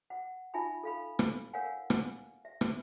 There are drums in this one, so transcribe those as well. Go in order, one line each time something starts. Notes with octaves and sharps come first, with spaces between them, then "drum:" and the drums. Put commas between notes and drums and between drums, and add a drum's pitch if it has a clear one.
F#5
D#4 F4 E5 G#5 A5 B5
A4 F5 B5
drum: rim click
A#4 C#5 F5 F#5 G#5
drum: rim click
E5
drum: rim click